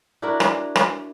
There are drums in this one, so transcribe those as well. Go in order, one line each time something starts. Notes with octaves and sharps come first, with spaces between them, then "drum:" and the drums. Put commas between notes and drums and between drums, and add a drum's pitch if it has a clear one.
D4 E4 F#4 A#4
drum: rim click
drum: rim click